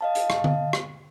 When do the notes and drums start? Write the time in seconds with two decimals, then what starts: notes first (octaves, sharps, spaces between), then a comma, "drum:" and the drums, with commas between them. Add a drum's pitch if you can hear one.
0.01 D#5 F5 A5
0.15 drum: hi-hat
0.30 drum: rim click
0.44 drum: tom D3
0.73 drum: rim click